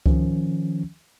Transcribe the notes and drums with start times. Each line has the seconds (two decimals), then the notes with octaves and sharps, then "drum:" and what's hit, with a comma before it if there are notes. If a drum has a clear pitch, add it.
0.06 D#3 F3 C#4, drum: kick C#2